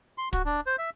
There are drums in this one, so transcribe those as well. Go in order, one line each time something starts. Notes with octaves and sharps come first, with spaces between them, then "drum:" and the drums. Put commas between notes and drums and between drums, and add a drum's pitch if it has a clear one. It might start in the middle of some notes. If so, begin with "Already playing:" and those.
C6
F#4, drum: kick, hi-hat
D4
C5
E5